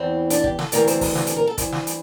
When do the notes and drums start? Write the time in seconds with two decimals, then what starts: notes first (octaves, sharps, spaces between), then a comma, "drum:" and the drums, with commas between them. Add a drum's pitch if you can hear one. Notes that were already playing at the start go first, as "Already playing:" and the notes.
Already playing: E2 E3 C4
0.30 D4, drum: hi-hat
0.44 G4, drum: kick
0.59 A4, drum: snare
0.72 D2 C3 E3 A#4, drum: hi-hat
0.87 C5, drum: hi-hat
1.01 drum: kick, open hi-hat
1.15 drum: snare
1.27 A4, drum: hi-hat
1.36 A#4
1.47 A4
1.58 G2 E3 C5, drum: kick, hi-hat
1.72 drum: snare
1.87 drum: hi-hat